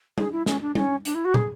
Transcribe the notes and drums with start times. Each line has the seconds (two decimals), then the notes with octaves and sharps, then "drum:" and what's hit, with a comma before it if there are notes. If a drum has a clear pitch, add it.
0.18 G#4, drum: tom G3
0.32 E4
0.46 C#4, drum: snare
0.61 D4
0.75 C#4, drum: tom G3
1.05 D4, drum: hi-hat
1.14 E4
1.25 F#4
1.34 G#4, drum: tom